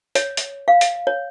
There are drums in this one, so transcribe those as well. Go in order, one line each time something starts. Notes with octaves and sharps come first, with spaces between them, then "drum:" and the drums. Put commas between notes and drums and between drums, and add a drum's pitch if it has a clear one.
C#5, drum: hi-hat
drum: hi-hat
F5
drum: hi-hat
C#5